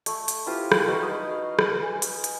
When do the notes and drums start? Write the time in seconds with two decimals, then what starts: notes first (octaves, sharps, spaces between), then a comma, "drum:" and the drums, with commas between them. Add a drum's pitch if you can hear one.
0.06 A3, drum: hi-hat
0.28 drum: hi-hat
0.46 E4 F4 G4 C5
0.72 drum: rim click
0.86 D#4 F#4 B4
1.02 D#5
1.29 F5
1.59 drum: rim click
1.82 G#5
2.02 drum: hi-hat
2.24 drum: hi-hat